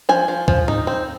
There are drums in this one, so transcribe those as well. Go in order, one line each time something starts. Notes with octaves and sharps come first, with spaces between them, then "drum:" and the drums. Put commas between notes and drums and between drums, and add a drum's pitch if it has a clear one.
F3 G#5
F3
F3, drum: kick
D#4, drum: tom G#2
C4